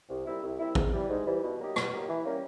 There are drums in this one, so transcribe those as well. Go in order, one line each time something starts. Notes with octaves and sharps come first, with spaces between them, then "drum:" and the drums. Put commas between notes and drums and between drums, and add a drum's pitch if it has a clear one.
C2
A#2 G3 C4 E4
C2
A#2 G3 C4 E4
G#2, drum: kick A1
E3 G3
G#2
E3 G3
B2
F#3 A#3 D#4 G4
B2, drum: rim click
F#3 A#3 D#4 G4
E3
G3 A#3 C#4